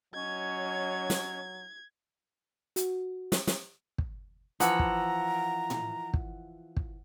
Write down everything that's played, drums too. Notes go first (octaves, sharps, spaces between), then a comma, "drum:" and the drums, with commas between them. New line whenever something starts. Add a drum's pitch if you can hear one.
F#3 C#4 C#5 D#5 G#6
drum: snare
F#4, drum: hi-hat
drum: snare
drum: snare
drum: kick
E3 F3 F#5 A#5 E6, drum: hi-hat
drum: kick
drum: tom A2
drum: kick
drum: kick